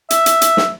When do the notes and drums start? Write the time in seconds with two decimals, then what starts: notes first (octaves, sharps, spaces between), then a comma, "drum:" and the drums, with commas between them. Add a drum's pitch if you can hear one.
0.10 E5, drum: hi-hat
0.26 drum: hi-hat
0.42 drum: hi-hat
0.57 drum: snare